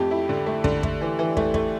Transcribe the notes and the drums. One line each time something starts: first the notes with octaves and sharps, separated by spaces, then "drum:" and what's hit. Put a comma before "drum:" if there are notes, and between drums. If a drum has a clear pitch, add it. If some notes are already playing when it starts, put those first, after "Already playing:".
Already playing: F2 A3 G4
E4
D3
A3
D3, drum: kick
A3, drum: kick
E3
E3
A3, drum: kick
A3, drum: kick